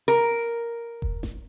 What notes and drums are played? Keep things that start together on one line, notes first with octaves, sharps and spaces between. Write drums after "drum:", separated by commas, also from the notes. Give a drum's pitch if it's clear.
A#4
drum: kick E1
drum: snare A1